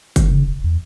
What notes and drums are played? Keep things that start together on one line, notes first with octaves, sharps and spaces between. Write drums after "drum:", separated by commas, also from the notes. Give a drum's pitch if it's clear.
D#3, drum: kick, hi-hat
C#3
E1
E2